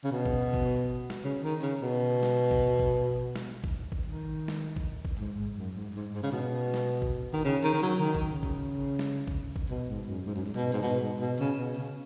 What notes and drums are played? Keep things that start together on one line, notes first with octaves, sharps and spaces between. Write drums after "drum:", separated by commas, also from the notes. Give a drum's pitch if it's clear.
C#3
B2
drum: kick
drum: kick
drum: snare
C#3
D#3
C#3
B2
drum: snare
drum: kick
drum: kick
drum: snare
drum: kick
drum: kick
D#3
drum: snare
drum: kick
drum: kick
G#2
G#2
F#2
G#2
G#2
G#2
C#3
B2
drum: snare
drum: kick
D#3
C#3
D#3
D#3
F#3
D#3
drum: kick
C#3
drum: kick
drum: snare
drum: kick
drum: kick
B2
G#2
F#2
G#2
F#2
G#2
B2
G#2
B2
G#2
B2
C#3
B2
C#3